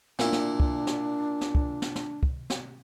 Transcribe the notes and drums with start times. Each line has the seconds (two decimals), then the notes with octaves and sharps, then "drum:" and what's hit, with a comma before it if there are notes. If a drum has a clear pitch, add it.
0.19 A#2 D4 E4, drum: snare
0.33 drum: snare
0.60 drum: kick
0.87 drum: snare
1.41 drum: snare
1.55 drum: kick
1.82 drum: snare
1.96 drum: snare
2.23 drum: kick
2.50 drum: snare